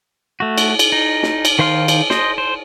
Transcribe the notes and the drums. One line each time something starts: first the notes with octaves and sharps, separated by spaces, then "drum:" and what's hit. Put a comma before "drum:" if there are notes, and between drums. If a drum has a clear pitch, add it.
A3 F#4
drum: cymbal
drum: cymbal
D#4
drum: snare
drum: cymbal
D#3 C5 F5 C6 F6
drum: cymbal
C5 D#5, drum: snare
C5